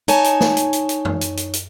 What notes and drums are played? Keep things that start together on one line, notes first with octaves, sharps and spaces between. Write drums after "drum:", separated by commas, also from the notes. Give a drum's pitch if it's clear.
D#4 C#5 G#5 A5, drum: hi-hat
drum: hi-hat
drum: snare
drum: hi-hat
drum: hi-hat
drum: hi-hat
drum: tom F#2
drum: hi-hat
drum: hi-hat
drum: hi-hat